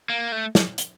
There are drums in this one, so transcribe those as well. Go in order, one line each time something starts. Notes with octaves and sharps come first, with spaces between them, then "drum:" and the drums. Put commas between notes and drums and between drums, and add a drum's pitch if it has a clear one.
A#3
A3
drum: snare
drum: hi-hat